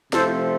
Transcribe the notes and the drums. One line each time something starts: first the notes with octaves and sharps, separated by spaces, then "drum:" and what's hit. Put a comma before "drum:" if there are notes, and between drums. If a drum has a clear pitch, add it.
C3 F3 A3 C4 A4 C5, drum: snare